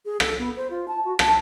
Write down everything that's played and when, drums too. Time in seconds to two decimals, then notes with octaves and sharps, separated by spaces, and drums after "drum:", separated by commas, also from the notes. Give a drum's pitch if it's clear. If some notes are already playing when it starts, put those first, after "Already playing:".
0.05 G#4
0.20 A4, drum: rim click
0.38 B3
0.56 C5
0.70 F4
0.88 A5
1.05 F#4
1.19 A5, drum: rim click